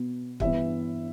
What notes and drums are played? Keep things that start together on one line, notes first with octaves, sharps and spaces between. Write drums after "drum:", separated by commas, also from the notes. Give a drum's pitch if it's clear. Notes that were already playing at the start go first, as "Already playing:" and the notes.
Already playing: B2 B3
G2 E3 B3 E5, drum: kick